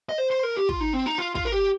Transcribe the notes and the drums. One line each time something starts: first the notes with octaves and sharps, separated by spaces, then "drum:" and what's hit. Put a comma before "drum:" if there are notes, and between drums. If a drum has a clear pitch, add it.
D#5
C5
C5
A#4
G4
F4, drum: kick
D#4
C4
D#4
F4
F4, drum: kick
A#4
G4